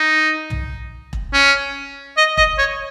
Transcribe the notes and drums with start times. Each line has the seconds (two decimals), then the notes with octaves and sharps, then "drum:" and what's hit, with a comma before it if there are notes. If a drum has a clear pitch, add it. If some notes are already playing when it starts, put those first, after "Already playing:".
Already playing: D#4
0.50 drum: tom
1.13 drum: kick E1
1.34 C#4
2.17 D#5
2.37 D#5, drum: kick E1
2.58 C#5